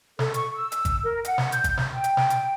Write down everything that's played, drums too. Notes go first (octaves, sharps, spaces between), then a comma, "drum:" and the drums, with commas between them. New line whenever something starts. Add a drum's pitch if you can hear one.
A4, drum: snare
C#6, drum: hi-hat
E6
drum: hi-hat
drum: kick G#1, hi-hat
A#4
F#5, drum: hi-hat
drum: snare
G6, drum: hi-hat
drum: kick G#1, hi-hat
drum: snare
G5
drum: hi-hat
drum: snare
drum: hi-hat